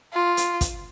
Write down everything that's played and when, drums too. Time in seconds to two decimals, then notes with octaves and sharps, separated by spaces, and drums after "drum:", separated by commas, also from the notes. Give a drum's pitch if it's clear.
0.13 F4
0.37 drum: hi-hat
0.61 drum: kick, hi-hat